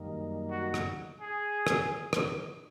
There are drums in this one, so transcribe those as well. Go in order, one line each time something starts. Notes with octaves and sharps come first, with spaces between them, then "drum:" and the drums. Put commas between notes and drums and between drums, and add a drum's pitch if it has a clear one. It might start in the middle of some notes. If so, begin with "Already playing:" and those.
Already playing: F#2 D#3 G3 A#3 D#4
F#4
drum: rim click
G#4
drum: rim click
drum: rim click